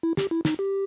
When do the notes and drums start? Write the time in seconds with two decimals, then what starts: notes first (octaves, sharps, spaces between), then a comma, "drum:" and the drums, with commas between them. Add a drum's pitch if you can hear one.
0.03 E4
0.17 G4, drum: snare
0.31 E4
0.45 D#4, drum: snare
0.59 G4